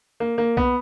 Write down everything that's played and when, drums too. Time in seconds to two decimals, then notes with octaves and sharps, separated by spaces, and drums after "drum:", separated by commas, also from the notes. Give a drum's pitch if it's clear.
0.20 A#3
0.38 A#3
0.57 B3, drum: kick B1